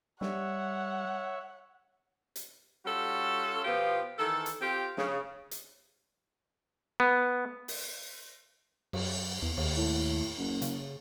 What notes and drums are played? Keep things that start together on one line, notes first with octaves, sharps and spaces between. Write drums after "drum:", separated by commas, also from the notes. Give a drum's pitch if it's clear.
G3 C#5 E5 F#5, drum: snare
drum: hi-hat
G3 C#4 F4 F#4 A4
B2 F3 B3 F4 G4
D#3 E3 A4
drum: hi-hat
C4 F4 G4
C#3, drum: snare
drum: hi-hat
B3
drum: open hi-hat
F#2, drum: cymbal
E2
D#2, drum: cymbal
A2
F#1
C#3, drum: hi-hat